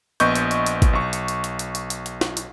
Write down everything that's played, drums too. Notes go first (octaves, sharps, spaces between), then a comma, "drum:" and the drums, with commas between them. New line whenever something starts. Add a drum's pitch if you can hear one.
A#1 B3 D#5 C#6 G6, drum: hi-hat
drum: hi-hat
drum: hi-hat
drum: hi-hat
drum: kick G#1, hi-hat
B1 C#6
drum: hi-hat
drum: hi-hat
drum: hi-hat
drum: hi-hat
drum: hi-hat
drum: hi-hat
drum: hi-hat
drum: snare
drum: hi-hat